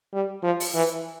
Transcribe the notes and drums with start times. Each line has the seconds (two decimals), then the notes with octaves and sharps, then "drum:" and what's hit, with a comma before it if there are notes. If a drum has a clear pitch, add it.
0.13 G3
0.43 F3
0.60 drum: open hi-hat
0.74 E3